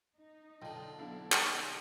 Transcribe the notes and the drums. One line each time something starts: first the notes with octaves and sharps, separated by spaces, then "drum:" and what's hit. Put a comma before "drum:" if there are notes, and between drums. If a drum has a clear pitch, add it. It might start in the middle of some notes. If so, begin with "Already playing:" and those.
D#4
B1 D3 F4 D#5 G5
F#3 B3 C4 D4 E4 F5
D4 D#4 B4 G5, drum: clap